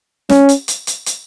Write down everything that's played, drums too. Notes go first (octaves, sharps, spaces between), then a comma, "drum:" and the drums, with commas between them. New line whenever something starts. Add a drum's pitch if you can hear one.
C#4, drum: snare
drum: hi-hat
drum: hi-hat
drum: hi-hat
drum: hi-hat